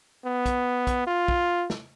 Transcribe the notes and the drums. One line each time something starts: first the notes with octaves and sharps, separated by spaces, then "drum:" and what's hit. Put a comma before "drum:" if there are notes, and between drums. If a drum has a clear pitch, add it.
B3
drum: kick, hi-hat
drum: kick, hi-hat
F4
drum: kick
drum: snare